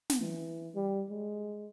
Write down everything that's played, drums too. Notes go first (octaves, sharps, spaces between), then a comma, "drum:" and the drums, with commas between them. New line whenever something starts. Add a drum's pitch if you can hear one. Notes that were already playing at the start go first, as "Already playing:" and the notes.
drum: snare
E3
G3
G#3